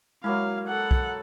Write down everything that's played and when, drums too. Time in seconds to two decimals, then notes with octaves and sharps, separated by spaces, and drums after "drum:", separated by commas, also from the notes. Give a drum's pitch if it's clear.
0.24 F#3 G#3 A#3 E4 F5
0.68 A4 F#5
0.91 drum: kick